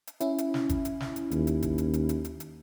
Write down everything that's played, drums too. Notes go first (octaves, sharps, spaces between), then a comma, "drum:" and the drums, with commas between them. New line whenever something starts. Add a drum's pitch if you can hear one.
drum: hi-hat
C#4 E4, drum: hi-hat
drum: hi-hat
drum: snare
drum: kick G1, hi-hat
drum: hi-hat
drum: snare
drum: hi-hat
D#2, drum: hi-hat
drum: hi-hat
drum: kick G1, hi-hat
drum: hi-hat
drum: hi-hat
drum: hi-hat
drum: hi-hat
drum: hi-hat